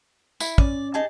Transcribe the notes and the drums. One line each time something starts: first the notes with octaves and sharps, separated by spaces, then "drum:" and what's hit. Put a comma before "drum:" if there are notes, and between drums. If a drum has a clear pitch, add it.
E4, drum: tambourine
C#4 D5, drum: kick
D#4 G#4 A5